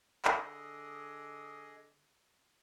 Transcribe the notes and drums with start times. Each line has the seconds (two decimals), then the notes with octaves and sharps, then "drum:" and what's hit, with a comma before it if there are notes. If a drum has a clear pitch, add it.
0.25 D3 G#4 D#5, drum: clap